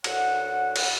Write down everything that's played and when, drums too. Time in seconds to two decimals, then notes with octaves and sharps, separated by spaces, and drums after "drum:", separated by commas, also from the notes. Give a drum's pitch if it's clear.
0.04 D2 C#5 F#5, drum: cymbal
0.76 drum: cymbal